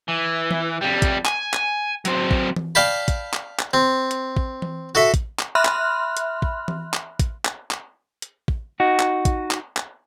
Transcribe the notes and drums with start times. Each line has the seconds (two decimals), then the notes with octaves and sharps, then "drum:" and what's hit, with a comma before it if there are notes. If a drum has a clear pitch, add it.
0.08 E3
0.51 drum: tom E3
0.82 F2 G3
1.02 drum: kick, hi-hat
1.26 G#5, drum: clap
1.54 drum: clap
2.05 F#3 C4, drum: hi-hat
2.31 drum: kick
2.56 drum: tom E3
2.75 D5 F5 G5 A5 B5
3.08 drum: kick, hi-hat
3.34 drum: clap
3.59 drum: clap
3.73 C4
4.11 drum: hi-hat
4.37 drum: kick
4.62 drum: tom E3
4.95 F#4 A4 E5
5.14 drum: kick, hi-hat
5.39 drum: clap
5.55 E5 B5 C6 F6 F#6
5.65 drum: clap
6.17 drum: hi-hat
6.42 drum: kick
6.68 drum: tom E3
6.94 drum: clap
7.19 drum: kick, hi-hat
7.45 drum: clap
7.71 drum: clap
8.22 drum: hi-hat
8.48 drum: kick
8.80 D#4 F#4
9.00 drum: clap
9.25 drum: kick, hi-hat
9.51 drum: clap
9.77 drum: clap